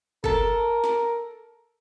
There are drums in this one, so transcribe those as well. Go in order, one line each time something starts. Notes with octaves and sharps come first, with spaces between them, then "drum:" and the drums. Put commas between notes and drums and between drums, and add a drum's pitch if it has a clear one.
A4 A#4 A5, drum: kick
drum: snare